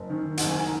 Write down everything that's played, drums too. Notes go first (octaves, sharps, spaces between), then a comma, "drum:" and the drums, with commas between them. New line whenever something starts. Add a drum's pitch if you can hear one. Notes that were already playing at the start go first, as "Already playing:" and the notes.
Already playing: F#1
D#3
F#1 F#5, drum: hi-hat
G#5
A#5